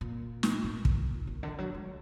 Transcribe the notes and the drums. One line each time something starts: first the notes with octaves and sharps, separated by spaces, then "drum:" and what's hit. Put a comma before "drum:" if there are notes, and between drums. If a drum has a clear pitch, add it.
A#2
drum: snare
A#2
drum: kick
A#2
D3
F#3
G#3